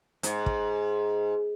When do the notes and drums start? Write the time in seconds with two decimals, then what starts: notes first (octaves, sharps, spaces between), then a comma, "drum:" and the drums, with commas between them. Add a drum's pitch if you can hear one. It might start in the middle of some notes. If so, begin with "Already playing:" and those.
0.23 G#2, drum: hi-hat
0.46 drum: kick